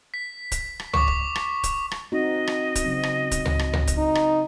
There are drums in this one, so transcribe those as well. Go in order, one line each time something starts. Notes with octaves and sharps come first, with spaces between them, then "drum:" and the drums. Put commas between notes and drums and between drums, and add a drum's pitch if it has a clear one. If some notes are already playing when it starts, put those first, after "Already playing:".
B6
drum: kick C#1, hi-hat
drum: rim click
C#6 D6, drum: tom C#2
drum: kick C#1
drum: rim click
drum: kick C#1, hi-hat
drum: rim click
C4 D#4 F#4 D#5
drum: rim click
drum: kick C#1, hi-hat
C#3 F#3 C4
drum: rim click
drum: kick C#1, hi-hat
drum: tom C#2
drum: rim click
drum: tom C#2
drum: kick C#1, hi-hat
D#4
drum: rim click